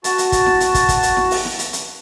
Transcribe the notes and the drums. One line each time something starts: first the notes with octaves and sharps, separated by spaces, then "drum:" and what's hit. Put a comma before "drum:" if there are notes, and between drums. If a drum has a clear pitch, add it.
F#4 A5, drum: hi-hat
drum: hi-hat
drum: kick, hi-hat
drum: snare E4
drum: hi-hat
drum: kick, hi-hat
drum: kick, hi-hat
drum: hi-hat
drum: snare E4
drum: open hi-hat
drum: snare E4
drum: hi-hat
drum: hi-hat